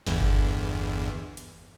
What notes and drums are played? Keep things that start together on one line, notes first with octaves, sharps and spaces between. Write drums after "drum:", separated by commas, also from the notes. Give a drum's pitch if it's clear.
G1 E2, drum: snare
drum: kick G1
drum: hi-hat